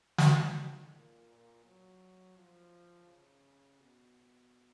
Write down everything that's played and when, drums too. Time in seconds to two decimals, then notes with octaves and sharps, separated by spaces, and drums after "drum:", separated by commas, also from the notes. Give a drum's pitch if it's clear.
0.18 F#2, drum: snare
0.55 G#2
0.91 A#2
1.27 A#2
1.64 F#3
2.36 F3
3.07 C#3
3.80 B2